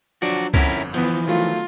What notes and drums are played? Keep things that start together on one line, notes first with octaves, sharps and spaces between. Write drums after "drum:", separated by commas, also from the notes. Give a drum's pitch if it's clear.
F3 F#3 D4 F#4 D5
G1 F2 C#4 E4 A#4 F#5, drum: kick C#2
E3 F3 B3, drum: cymbal
D#3 F#3 A3 F4